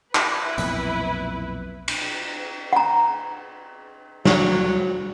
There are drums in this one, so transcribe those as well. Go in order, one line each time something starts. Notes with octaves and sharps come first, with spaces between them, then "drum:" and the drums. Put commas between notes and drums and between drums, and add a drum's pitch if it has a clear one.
E4 B4, drum: clap
B1 F2 A#2, drum: hi-hat
drum: cymbal
F#5 A#5
F#3, drum: snare